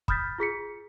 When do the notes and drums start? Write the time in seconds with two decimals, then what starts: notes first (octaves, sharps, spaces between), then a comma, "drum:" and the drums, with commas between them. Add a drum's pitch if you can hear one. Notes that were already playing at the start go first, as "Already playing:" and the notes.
0.08 B5 D#6 F6 G6 A6 B6, drum: kick
0.38 F4 G#4 B6 C#7